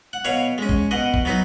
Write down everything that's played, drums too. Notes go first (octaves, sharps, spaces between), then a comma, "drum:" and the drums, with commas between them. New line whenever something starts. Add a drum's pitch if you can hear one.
F#5
B2 C#5 F5
G#3 C#4
drum: kick
B2 D#5 F#5
drum: kick
F#3 B3 D#4